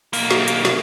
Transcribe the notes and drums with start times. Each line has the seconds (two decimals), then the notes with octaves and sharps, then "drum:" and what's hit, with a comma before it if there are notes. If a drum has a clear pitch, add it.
0.13 B1 A#3, drum: open hi-hat
0.31 drum: snare
0.48 drum: hi-hat
0.65 drum: snare